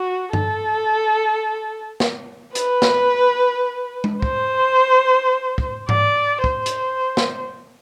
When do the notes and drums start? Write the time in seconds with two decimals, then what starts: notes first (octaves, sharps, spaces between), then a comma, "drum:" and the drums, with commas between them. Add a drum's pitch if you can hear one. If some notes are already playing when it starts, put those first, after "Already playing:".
Already playing: F#4
0.33 A4, drum: tom G2
2.00 drum: snare
2.55 B4, drum: hi-hat
2.82 drum: snare
4.04 drum: tom G#3
4.22 C5, drum: kick
5.58 drum: kick
5.89 D5, drum: tom G#2
6.44 C5, drum: kick
6.66 drum: hi-hat
7.17 drum: snare